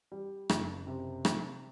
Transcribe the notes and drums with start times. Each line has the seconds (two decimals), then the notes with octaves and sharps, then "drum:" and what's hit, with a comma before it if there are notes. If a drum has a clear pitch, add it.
0.12 G3
0.49 F#1, drum: rim click
0.87 C3
1.25 drum: rim click